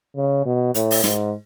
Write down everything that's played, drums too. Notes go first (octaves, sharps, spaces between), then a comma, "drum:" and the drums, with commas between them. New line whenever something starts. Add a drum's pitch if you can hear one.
C#3
B2
A2, drum: hi-hat
drum: open hi-hat
G#2, drum: snare